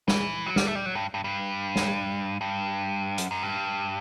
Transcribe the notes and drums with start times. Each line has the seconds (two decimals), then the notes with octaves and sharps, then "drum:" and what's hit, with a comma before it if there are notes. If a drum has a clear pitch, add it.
0.08 E3, drum: snare
0.46 F#3
0.56 G3, drum: snare
0.67 A3
0.75 G3
0.86 F#3
0.95 G2
1.14 G2
1.24 G2
1.76 drum: snare
2.41 G2
3.18 F#2, drum: hi-hat
3.31 F#2
3.43 G2